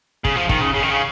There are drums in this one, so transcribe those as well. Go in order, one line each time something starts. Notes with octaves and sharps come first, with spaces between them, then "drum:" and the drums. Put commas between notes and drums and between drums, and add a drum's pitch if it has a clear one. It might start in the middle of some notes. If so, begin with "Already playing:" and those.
C#3, drum: kick
F3
D#3, drum: kick
C#3
C#3
D#3
C#3